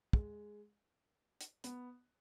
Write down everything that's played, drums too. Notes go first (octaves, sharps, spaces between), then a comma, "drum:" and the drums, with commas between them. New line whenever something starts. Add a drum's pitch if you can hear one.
G#3, drum: kick
drum: hi-hat
B3, drum: hi-hat